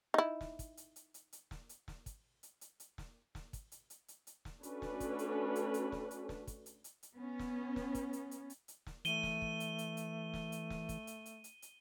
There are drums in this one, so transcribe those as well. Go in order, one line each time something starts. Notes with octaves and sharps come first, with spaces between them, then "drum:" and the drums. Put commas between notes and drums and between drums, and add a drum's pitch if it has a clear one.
D#4 E4
drum: snare
drum: kick, hi-hat
drum: hi-hat
drum: hi-hat
drum: hi-hat
drum: hi-hat
drum: snare
drum: hi-hat
drum: snare
drum: kick, hi-hat
drum: hi-hat
drum: hi-hat
drum: hi-hat
drum: snare
drum: snare
drum: kick, hi-hat
drum: hi-hat
drum: hi-hat
drum: hi-hat
drum: hi-hat
drum: snare
A3 C#4 D4 F#4 A4 B4, drum: hi-hat
drum: snare
drum: kick, hi-hat
drum: hi-hat
drum: hi-hat
drum: hi-hat
drum: snare
drum: hi-hat
drum: snare
drum: kick, hi-hat
drum: hi-hat
drum: hi-hat
drum: hi-hat
B3 C#4
drum: snare
drum: snare
drum: kick, hi-hat
drum: hi-hat
drum: hi-hat
drum: hi-hat
drum: hi-hat
drum: snare
E3 A3 D#7 G7, drum: hi-hat
drum: snare
drum: kick
drum: hi-hat
drum: hi-hat
drum: hi-hat
drum: snare
drum: hi-hat
drum: snare
drum: kick, hi-hat
drum: hi-hat
drum: hi-hat
drum: hi-hat
drum: hi-hat